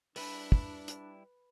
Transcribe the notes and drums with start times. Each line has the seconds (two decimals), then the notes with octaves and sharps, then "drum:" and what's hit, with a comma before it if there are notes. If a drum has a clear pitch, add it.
0.16 G3 D4 E4 B4, drum: open hi-hat
0.52 drum: kick
0.88 drum: hi-hat